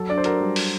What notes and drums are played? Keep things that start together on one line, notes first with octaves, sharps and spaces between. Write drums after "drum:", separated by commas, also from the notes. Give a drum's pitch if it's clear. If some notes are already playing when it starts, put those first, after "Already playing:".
Already playing: F#3 A4
D4 D5
C5
F#4 A#4, drum: hi-hat
G3
drum: open hi-hat